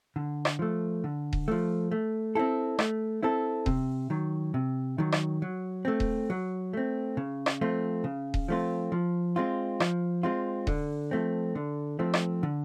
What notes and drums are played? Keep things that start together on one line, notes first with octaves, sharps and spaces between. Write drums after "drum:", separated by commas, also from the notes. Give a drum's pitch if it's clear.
D3
drum: rim click
F3 A3
D3
drum: kick D#1
F3 A3
A3
C4 E4 A4
A3, drum: rim click
C4 E4 A4
C3, drum: kick D#1
D#3 F#3
C3
D#3 F#3
drum: rim click
F#3
A3 C4
drum: kick D#1
F#3
A3 C4
C#3
drum: rim click
F3 A3 C4 F4
C#3
drum: kick D#1
F3 A3 C4 F4
F3
G#3 C4 F4
F3, drum: rim click
G#3 C4 F4
D3, drum: kick D#1
F3 A3 C4
D3
F3 A3 C4
drum: rim click
D3